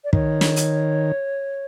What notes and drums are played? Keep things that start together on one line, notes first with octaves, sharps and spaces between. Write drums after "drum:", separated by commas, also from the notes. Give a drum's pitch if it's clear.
D5
D#3 C#5, drum: kick
drum: snare
drum: hi-hat